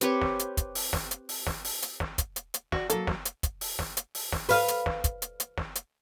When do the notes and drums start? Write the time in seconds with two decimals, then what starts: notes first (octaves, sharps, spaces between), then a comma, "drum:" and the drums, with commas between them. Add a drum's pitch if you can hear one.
0.01 C4 G4 B4 C#5, drum: hi-hat
0.22 drum: snare
0.39 drum: hi-hat
0.57 drum: kick, hi-hat
0.75 drum: open hi-hat
0.93 drum: snare
1.11 drum: hi-hat
1.29 drum: open hi-hat
1.47 drum: snare
1.64 drum: open hi-hat
1.82 drum: hi-hat
2.00 drum: snare
2.18 drum: kick, hi-hat
2.36 drum: hi-hat
2.54 drum: hi-hat
2.72 F#4 D5, drum: snare
2.90 F#3 A#3 A4, drum: hi-hat
3.07 drum: snare
3.25 drum: hi-hat
3.43 drum: kick, hi-hat
3.61 drum: open hi-hat
3.79 drum: snare
3.97 drum: hi-hat
4.15 drum: open hi-hat
4.32 drum: snare
4.49 B4 F5, drum: open hi-hat
4.68 drum: hi-hat
4.86 drum: snare
5.04 drum: kick, hi-hat
5.22 drum: hi-hat
5.40 drum: hi-hat
5.58 drum: snare
5.75 drum: hi-hat